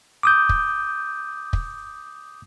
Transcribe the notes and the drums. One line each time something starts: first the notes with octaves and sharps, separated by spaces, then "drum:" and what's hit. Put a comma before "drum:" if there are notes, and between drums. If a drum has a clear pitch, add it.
D6 D#6 G6
drum: kick
drum: kick